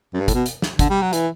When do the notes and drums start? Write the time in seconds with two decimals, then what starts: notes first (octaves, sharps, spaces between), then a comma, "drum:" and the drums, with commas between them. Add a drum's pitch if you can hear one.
0.13 F#2
0.20 G2
0.28 A2, drum: kick, hi-hat
0.34 B2
0.46 drum: hi-hat
0.62 drum: snare
0.79 D3, drum: kick, hi-hat
0.90 G3
1.02 F#3
1.13 E3, drum: hi-hat